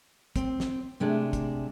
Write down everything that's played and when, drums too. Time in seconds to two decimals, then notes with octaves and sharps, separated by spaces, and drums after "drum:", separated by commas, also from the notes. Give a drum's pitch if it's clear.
0.36 C4, drum: kick, hi-hat
0.60 drum: snare
1.00 C3 G#3 A3 D4
1.33 drum: kick, hi-hat